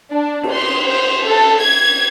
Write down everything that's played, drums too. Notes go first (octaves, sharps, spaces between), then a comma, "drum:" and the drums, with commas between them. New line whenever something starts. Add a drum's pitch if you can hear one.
D4
drum: cymbal
C6
C5
A4
G#6